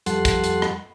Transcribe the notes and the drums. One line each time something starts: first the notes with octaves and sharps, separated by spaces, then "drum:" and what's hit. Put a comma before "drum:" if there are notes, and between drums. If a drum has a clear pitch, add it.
F2 G3 A4 F#5 C6, drum: hi-hat
drum: kick, hi-hat
drum: hi-hat
drum: rim click